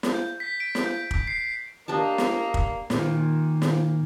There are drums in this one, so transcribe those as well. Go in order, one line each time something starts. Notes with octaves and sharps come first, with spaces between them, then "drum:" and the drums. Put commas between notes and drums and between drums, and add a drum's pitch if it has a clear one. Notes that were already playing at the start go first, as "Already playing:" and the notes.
drum: snare
G6
B6
D7
drum: snare
G6
drum: kick
C7
A#3 D4 G4 D#5 A5
drum: snare
drum: kick
A#2 D#3, drum: snare
drum: snare